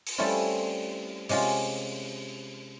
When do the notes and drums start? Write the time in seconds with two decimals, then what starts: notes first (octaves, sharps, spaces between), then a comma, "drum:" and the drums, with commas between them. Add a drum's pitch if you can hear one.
0.07 drum: open hi-hat
0.18 G3 A3 C4 C#4 E4 F4
1.29 C3 G#3 C#4 F4, drum: open hi-hat